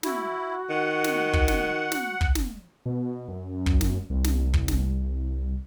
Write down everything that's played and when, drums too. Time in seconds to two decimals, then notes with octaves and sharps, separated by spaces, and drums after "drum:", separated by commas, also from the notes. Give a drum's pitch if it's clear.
0.03 E4 F#4, drum: snare
0.69 D#3 F#5
1.04 drum: snare
1.33 drum: kick
1.48 drum: snare
1.92 drum: snare
2.21 drum: kick
2.35 drum: snare
2.86 B2
3.28 F#2
3.66 drum: kick
3.81 drum: snare
4.10 C2
4.24 drum: snare
4.54 drum: kick
4.68 drum: snare